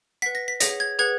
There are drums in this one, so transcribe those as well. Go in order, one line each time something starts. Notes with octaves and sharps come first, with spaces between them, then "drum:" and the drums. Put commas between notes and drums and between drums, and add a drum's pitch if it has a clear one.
B4 F#5 B6
A#6
B6
G#4 C#5 F#5 A#6, drum: hi-hat
G#6
G#4 B4 F#5 G#6